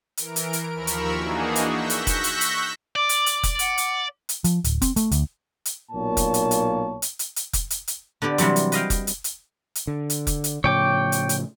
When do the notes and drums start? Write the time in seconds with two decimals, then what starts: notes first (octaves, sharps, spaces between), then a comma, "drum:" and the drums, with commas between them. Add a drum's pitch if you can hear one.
0.17 E3 A#4 D7, drum: hi-hat
0.36 drum: hi-hat
0.53 drum: hi-hat
0.74 D#2 F3 A#4 B5 C#6 E6
0.87 drum: hi-hat
1.12 E3 A#3 D4 D#4 F#4 G#4
1.56 drum: hi-hat
1.67 C#6 E6 F#6 G6 A#6 B6
1.90 drum: hi-hat
2.07 drum: kick F1, hi-hat
2.24 drum: hi-hat
2.41 drum: hi-hat
2.96 D5 D6
3.09 drum: hi-hat
3.26 drum: hi-hat
3.43 drum: kick F1, hi-hat
3.59 F#5, drum: hi-hat
3.78 drum: hi-hat
4.29 drum: hi-hat
4.44 F3, drum: hi-hat
4.64 D1, drum: hi-hat
4.82 C4, drum: kick F1, hi-hat
4.96 A3, drum: hi-hat
5.12 D2, drum: hi-hat
5.65 drum: hi-hat
5.91 B1 A#2 A#3 C#5 A5
6.17 drum: kick F1, hi-hat
6.34 drum: hi-hat
6.51 drum: hi-hat
7.02 drum: hi-hat
7.19 drum: hi-hat
7.36 drum: hi-hat
7.53 drum: kick F1, hi-hat
7.70 drum: hi-hat
7.88 drum: hi-hat
8.22 D3 B3 G4 D5
8.38 C3 E3 F#3 G3 C4, drum: hi-hat
8.56 drum: hi-hat
8.72 B4 D#5 F5 G5, drum: hi-hat
8.90 drum: kick F1, hi-hat
9.07 drum: hi-hat
9.24 drum: hi-hat
9.75 drum: hi-hat
9.87 D3
10.10 drum: hi-hat
10.27 drum: kick F1, hi-hat
10.44 drum: hi-hat
10.64 A2 C#3 F3 C#5 G5 D6
11.12 drum: hi-hat
11.29 drum: hi-hat